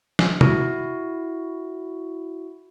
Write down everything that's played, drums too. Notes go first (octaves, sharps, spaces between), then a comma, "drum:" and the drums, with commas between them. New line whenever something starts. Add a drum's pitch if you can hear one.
drum: snare
E4 F#4, drum: tom